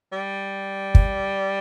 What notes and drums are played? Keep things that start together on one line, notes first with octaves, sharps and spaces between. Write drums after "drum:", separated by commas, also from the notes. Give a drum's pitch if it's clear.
G3
drum: kick